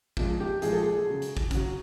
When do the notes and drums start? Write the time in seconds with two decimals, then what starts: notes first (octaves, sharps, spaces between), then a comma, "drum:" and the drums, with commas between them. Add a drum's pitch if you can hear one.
0.17 A#2 F3 G#3, drum: kick
0.40 G4
0.62 A#2 F3 G#3 G#4, drum: hi-hat
0.72 A4
0.83 G#4
1.06 C#3 F#3
1.22 drum: hi-hat
1.37 drum: kick
1.51 C#3 F#3, drum: kick, hi-hat